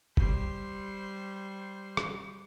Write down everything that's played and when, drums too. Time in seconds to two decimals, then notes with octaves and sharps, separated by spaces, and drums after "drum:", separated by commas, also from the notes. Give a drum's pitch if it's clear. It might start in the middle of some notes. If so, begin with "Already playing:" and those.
0.17 G3 C5, drum: kick
1.97 drum: rim click